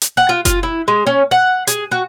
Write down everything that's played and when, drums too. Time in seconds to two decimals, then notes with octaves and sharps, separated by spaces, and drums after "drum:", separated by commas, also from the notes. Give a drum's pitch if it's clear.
0.01 drum: hi-hat
0.17 F#5
0.29 F4
0.45 F4, drum: kick F#1, hi-hat
0.63 E4
0.88 G#3
1.07 C#4
1.31 F#5
1.67 G#4, drum: hi-hat
1.92 F#4